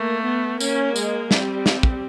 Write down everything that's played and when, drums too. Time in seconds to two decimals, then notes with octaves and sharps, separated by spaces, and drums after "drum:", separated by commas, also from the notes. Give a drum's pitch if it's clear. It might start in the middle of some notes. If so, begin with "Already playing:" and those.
Already playing: A3 A#3
0.25 B3
0.61 A#3 C#4, drum: tambourine
0.96 G#3, drum: tambourine
1.31 G3 C4, drum: snare
1.66 drum: snare
1.83 drum: kick